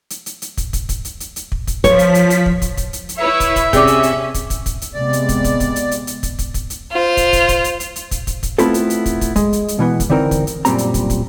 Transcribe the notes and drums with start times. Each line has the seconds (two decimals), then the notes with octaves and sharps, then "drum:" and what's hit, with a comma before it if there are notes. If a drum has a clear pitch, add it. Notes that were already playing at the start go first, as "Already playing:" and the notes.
0.10 drum: hi-hat
0.26 drum: hi-hat
0.42 drum: hi-hat
0.57 drum: kick, hi-hat
0.73 drum: kick, hi-hat
0.89 drum: kick, hi-hat
1.05 drum: hi-hat
1.20 drum: hi-hat
1.36 drum: hi-hat
1.52 drum: kick
1.67 drum: kick, hi-hat
1.84 F3 C#5 B6, drum: kick, hi-hat
1.99 drum: hi-hat
2.15 drum: hi-hat
2.30 drum: hi-hat
2.46 drum: kick
2.62 drum: kick, hi-hat
2.77 drum: kick, hi-hat
2.93 drum: hi-hat
3.09 drum: hi-hat
3.19 E4 B4 C#5 E5 E6
3.40 drum: kick, hi-hat
3.56 drum: kick, hi-hat
3.73 C3 C#4 G#4 D5 D6, drum: kick, hi-hat
3.87 drum: hi-hat
4.03 drum: hi-hat
4.34 drum: kick, hi-hat
4.50 drum: kick, hi-hat
4.66 drum: kick, hi-hat
4.82 drum: hi-hat
4.94 C3 G#3 B3 D5
5.13 drum: hi-hat
5.29 drum: kick, hi-hat
5.44 drum: kick, hi-hat
5.60 drum: kick, hi-hat
5.76 drum: hi-hat
5.91 drum: hi-hat
6.07 drum: hi-hat
6.23 drum: kick, hi-hat
6.39 drum: kick, hi-hat
6.54 drum: kick, hi-hat
6.70 drum: hi-hat
6.93 F4 C5
7.17 drum: kick, hi-hat
7.33 drum: kick, hi-hat
7.49 drum: kick, hi-hat
7.64 drum: hi-hat
7.80 drum: hi-hat
7.96 drum: hi-hat
8.11 drum: kick, hi-hat
8.27 drum: kick, hi-hat
8.43 drum: kick, hi-hat
8.58 A3 B3 C4 E4 F4 A4, drum: hi-hat
8.74 drum: hi-hat
8.90 drum: hi-hat
9.06 drum: kick, hi-hat
9.21 drum: kick, hi-hat
9.36 G#3, drum: kick, hi-hat
9.53 drum: hi-hat
9.68 drum: hi-hat
9.79 B2 E3 B3
10.00 drum: kick, hi-hat
10.10 D3 E3 C4 D#4 A#4
10.31 drum: kick, hi-hat
10.47 drum: hi-hat
10.65 F#2 A#2 G3 G#3 C4 A#5, drum: hi-hat
10.78 drum: hi-hat
10.94 drum: kick, hi-hat
11.10 drum: kick, hi-hat